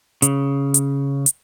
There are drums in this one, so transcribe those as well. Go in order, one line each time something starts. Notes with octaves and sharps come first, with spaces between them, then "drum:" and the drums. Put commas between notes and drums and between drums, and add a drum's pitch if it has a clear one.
C#3, drum: hi-hat
drum: hi-hat
drum: hi-hat